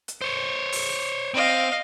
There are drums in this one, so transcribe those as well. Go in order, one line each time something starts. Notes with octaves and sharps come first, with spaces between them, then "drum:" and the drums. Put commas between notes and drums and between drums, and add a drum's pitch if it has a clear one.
drum: hi-hat
C5 C#5
drum: open hi-hat
C4 D#5 F5